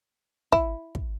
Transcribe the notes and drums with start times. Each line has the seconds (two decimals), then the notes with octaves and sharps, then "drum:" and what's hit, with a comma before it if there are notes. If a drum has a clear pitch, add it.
0.52 E4, drum: kick
0.95 drum: kick